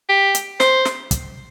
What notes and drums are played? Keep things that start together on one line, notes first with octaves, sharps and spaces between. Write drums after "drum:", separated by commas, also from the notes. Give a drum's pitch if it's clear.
G4
drum: hi-hat
C5, drum: snare
drum: snare
drum: kick, hi-hat